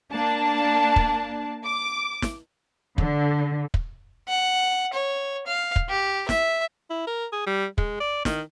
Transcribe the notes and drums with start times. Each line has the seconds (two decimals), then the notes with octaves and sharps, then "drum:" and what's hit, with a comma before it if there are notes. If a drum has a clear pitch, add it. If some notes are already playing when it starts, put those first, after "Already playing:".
0.12 A#3 D4 A5
0.96 drum: kick
1.65 D6
2.22 drum: snare
2.98 D3, drum: kick
3.74 drum: kick
4.29 F#5
4.94 C#5
5.47 F5
5.76 drum: kick
5.89 G4
6.29 E5, drum: snare
6.90 E4
7.07 A#4
7.32 G#4
7.47 G3
7.78 G#3, drum: kick
8.00 D5
8.25 D#3, drum: snare